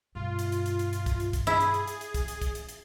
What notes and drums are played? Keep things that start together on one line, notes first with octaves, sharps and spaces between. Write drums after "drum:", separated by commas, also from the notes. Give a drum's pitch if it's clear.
G2 B2 F4
drum: hi-hat
drum: hi-hat
drum: hi-hat
drum: hi-hat
drum: hi-hat
drum: kick, hi-hat
drum: hi-hat
drum: kick, hi-hat
E4 G#4, drum: hi-hat
drum: hi-hat
drum: hi-hat
drum: hi-hat
drum: hi-hat
drum: kick, hi-hat
drum: hi-hat
drum: kick, hi-hat
drum: hi-hat
drum: hi-hat